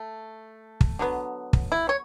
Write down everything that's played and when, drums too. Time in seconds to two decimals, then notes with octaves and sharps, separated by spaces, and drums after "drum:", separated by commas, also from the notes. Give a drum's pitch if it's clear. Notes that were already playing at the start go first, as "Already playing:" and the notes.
Already playing: A3
0.81 drum: kick
0.99 D3 F#3 B3
1.53 drum: kick
1.72 E4
1.89 C#5